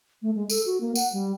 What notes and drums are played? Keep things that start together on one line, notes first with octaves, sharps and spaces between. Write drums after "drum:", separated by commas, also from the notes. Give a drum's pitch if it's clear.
A3
G#3
A4, drum: tambourine
F#4
A#3
F#5, drum: tambourine
G3